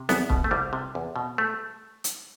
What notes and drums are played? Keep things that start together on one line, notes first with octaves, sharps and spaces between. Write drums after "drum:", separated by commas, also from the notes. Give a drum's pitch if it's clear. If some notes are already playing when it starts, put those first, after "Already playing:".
Already playing: C3
E2 B3, drum: snare
B2, drum: kick C#1
A3
C2 G3
C3
E2
B2
A3
drum: hi-hat